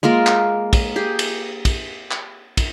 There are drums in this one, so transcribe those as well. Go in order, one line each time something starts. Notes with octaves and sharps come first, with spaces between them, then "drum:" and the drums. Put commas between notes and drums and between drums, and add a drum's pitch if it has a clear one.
G#3 A#3 F4 A#4
drum: clap
drum: kick, cymbal
G4 G#4
drum: cymbal
drum: kick, cymbal
drum: clap
drum: kick, cymbal